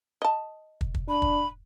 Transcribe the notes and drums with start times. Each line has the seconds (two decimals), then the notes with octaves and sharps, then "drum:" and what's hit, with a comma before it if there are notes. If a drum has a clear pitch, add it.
0.22 D#5 A5
0.81 drum: kick
0.94 drum: kick
1.08 D4 B5
1.22 drum: kick